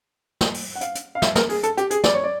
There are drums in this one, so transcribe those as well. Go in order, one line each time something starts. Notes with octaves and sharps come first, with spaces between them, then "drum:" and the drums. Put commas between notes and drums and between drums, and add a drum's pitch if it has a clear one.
drum: snare
drum: open hi-hat
F#5
F5, drum: hi-hat
drum: hi-hat
F5
E5, drum: snare
A#4, drum: snare
G#4, drum: open hi-hat
A4, drum: hi-hat
G4, drum: hi-hat
G#4, drum: hi-hat
D5, drum: snare
C#5
D5